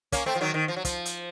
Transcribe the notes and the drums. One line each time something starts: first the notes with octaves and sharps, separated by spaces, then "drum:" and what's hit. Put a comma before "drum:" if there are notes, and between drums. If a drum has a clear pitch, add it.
A#3 C#4, drum: kick, hi-hat
A3 C4
F3
D#3 F#3
D#3
F3
F#3
F3, drum: kick, hi-hat
drum: hi-hat